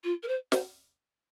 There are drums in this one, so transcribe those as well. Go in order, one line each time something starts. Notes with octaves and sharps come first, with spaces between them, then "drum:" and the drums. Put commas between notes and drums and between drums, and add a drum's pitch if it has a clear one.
F4
A#4
C5
C5, drum: snare